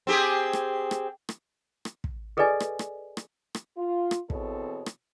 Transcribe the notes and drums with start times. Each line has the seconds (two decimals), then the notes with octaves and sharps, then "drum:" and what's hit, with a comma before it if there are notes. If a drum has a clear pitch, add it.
0.07 C4 G4 G#4
0.53 drum: rim click
0.91 drum: rim click
1.29 drum: rim click
1.85 drum: rim click
2.04 drum: kick
2.37 G#4 A4 B4 D5 D#5 G#5
2.60 drum: rim click
2.79 drum: rim click
3.17 drum: rim click
3.55 drum: rim click
3.77 F4
4.11 drum: rim click
4.30 B2 E3 C4 G#4 A4 C#5, drum: kick
4.86 drum: rim click